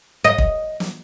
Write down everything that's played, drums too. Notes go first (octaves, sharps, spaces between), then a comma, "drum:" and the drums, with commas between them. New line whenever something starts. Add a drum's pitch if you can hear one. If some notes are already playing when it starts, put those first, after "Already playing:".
D#5
drum: kick
drum: snare